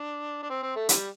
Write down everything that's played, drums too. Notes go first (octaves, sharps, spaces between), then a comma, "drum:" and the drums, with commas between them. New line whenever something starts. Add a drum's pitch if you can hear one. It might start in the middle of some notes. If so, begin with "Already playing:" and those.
Already playing: D4
D4
C4
C4
A3
C3 E3 G3, drum: hi-hat